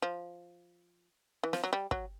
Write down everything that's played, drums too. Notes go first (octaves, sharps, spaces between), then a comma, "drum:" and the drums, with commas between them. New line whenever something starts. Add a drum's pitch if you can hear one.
F3
E3
F3, drum: snare
F#3
G3
F#3, drum: kick